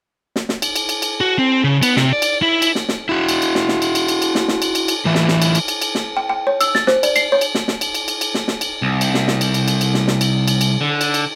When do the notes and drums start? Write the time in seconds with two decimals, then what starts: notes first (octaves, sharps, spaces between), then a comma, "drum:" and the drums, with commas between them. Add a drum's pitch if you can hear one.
0.36 drum: snare
0.49 drum: snare
0.62 drum: cymbal
0.76 drum: cymbal
0.89 drum: cymbal
1.02 drum: cymbal
1.21 F#4
1.39 C4
1.64 C#3
1.83 B3, drum: cymbal
1.97 C3, drum: snare
2.13 D5
2.22 drum: cymbal
2.42 E4
2.62 drum: cymbal
2.75 drum: snare
2.89 drum: snare
3.09 E4 F#4
3.29 drum: cymbal
3.42 drum: cymbal
3.55 drum: snare
3.68 drum: snare
3.82 drum: cymbal
3.95 drum: cymbal
4.08 drum: cymbal
4.22 drum: cymbal
4.35 drum: snare
4.48 drum: snare
4.62 drum: cymbal
4.75 drum: cymbal
4.88 drum: cymbal
5.05 A2 E3 E4 F4
5.15 drum: snare
5.28 drum: snare
5.42 drum: cymbal
5.55 drum: cymbal
5.68 drum: cymbal
5.82 drum: cymbal
5.95 drum: snare
6.17 G5
6.29 G5
6.47 C#5
6.61 E6, drum: cymbal
6.75 A6, drum: snare
6.87 C5, drum: snare
7.03 D5, drum: cymbal
7.16 C7, drum: cymbal
7.32 C#5
7.41 drum: cymbal
7.55 drum: snare
7.68 drum: snare
7.81 drum: cymbal
7.95 drum: cymbal
8.08 drum: cymbal
8.21 drum: cymbal
8.35 drum: snare
8.48 drum: snare
8.61 drum: cymbal
8.82 C2
9.01 drum: cymbal
9.14 drum: snare
9.28 drum: snare
9.41 drum: cymbal
9.54 drum: cymbal
9.68 drum: cymbal
9.81 drum: cymbal
9.94 drum: snare
10.08 drum: snare
10.21 drum: cymbal
10.48 drum: cymbal
10.61 drum: cymbal
10.81 D3
11.01 drum: cymbal
11.14 drum: cymbal